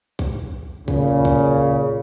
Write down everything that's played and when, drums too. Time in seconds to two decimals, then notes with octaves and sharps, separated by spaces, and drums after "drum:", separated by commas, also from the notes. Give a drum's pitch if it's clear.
0.19 drum: kick B1
0.88 A#2 C#3, drum: kick B1
1.25 drum: kick B1